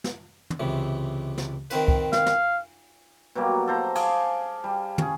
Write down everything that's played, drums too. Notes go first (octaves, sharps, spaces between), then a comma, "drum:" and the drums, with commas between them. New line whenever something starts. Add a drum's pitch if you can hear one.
drum: snare
drum: tom
C#2 C3 E3
drum: snare
D#3 C4 B4, drum: cymbal
drum: kick
F5, drum: snare
drum: snare
B2 F#3 G3 A#3
A4 C5 A#5
G#4 F5 A5 D6, drum: cymbal
G3
C#4 G#4, drum: tom